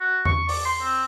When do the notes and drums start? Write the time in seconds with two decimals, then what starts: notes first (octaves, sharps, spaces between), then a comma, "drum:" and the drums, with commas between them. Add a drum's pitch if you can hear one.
0.01 F#4
0.25 C#6, drum: tom E2
0.49 D5, drum: open hi-hat
0.65 C6
0.82 C4